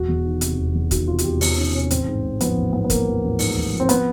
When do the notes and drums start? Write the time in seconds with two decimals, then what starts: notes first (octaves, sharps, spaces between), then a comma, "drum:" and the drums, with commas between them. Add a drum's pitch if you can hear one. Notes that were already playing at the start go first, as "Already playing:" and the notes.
Already playing: E1 F#4
0.08 E2
0.25 D#3
0.41 C3, drum: hi-hat
0.57 E1
0.74 E2
0.91 D#3 F#4, drum: kick, hi-hat
1.07 C3 F4
1.19 F#4, drum: hi-hat
1.24 E1 G4
1.41 E2, drum: open hi-hat
1.57 D#3 C#4
1.74 C3 C#4
1.91 A1 C4, drum: hi-hat
2.07 G#2
2.24 A1
2.40 F3 B3, drum: hi-hat
2.56 A1
2.73 G#2 B3
2.85 B3
2.90 A1 A#3, drum: kick, hi-hat
3.07 F3
3.23 A1
3.39 G#2, drum: open hi-hat
3.57 A1
3.72 F3
3.80 C4
3.89 B3, drum: hi-hat